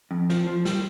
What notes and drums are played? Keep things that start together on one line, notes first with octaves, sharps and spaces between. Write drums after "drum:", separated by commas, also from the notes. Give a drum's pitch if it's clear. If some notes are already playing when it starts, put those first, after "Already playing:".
F2
F3, drum: snare
F3
G3, drum: snare